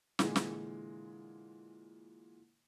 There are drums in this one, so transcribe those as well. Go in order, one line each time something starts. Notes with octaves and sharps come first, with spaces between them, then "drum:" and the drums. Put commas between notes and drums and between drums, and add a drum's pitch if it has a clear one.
A#2 D3 E3 G#3, drum: snare
drum: snare